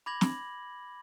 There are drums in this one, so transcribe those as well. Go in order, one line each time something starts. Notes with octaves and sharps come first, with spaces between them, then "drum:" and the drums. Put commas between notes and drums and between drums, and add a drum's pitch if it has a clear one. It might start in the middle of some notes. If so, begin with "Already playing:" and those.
B5 D6 G#6 A#6 F#7
drum: snare